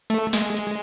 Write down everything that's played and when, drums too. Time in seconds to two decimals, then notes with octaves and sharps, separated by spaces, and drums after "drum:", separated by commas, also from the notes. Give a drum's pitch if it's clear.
0.10 A3, drum: hi-hat
0.33 G#3, drum: snare
0.57 drum: hi-hat